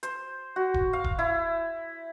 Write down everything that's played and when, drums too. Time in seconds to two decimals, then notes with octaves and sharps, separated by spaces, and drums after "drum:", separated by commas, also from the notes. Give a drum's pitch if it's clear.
0.03 C5, drum: hi-hat
0.56 F#4
0.74 drum: kick D#1
0.93 F5
1.04 drum: kick D#1
1.19 E4